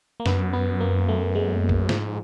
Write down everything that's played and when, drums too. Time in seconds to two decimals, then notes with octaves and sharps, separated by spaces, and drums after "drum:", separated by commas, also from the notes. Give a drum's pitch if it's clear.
0.20 A#3
0.26 F#2 B3, drum: snare
0.53 B3
0.80 A#3
1.09 A3
1.35 G#3
1.69 drum: kick B1
1.89 G#2 F3, drum: snare